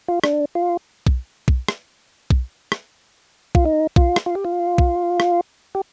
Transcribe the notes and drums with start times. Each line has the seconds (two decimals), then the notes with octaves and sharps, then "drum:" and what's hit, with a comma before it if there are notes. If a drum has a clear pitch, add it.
0.08 F4
0.24 D4, drum: rim click
0.55 F4
1.07 drum: kick B1
1.48 drum: kick B1
1.68 drum: rim click
2.30 drum: kick B1
2.72 drum: rim click
3.55 F4, drum: kick B1
3.65 D#4
3.96 F4, drum: kick B1
4.16 drum: rim click
4.26 F4
4.35 G4
4.45 F4
4.78 drum: kick B1
5.20 drum: rim click
5.75 G4